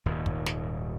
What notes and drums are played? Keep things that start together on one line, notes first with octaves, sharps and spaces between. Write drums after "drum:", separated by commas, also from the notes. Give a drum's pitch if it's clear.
D#1 D#2 G#2
drum: kick
drum: snare